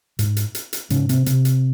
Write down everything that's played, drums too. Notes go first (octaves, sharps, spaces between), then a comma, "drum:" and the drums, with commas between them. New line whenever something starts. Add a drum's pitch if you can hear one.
G#2, drum: hi-hat
drum: hi-hat
drum: hi-hat
drum: hi-hat
G#2 C#3 C#4, drum: hi-hat
C3 C4, drum: hi-hat
C3 C4, drum: hi-hat
drum: hi-hat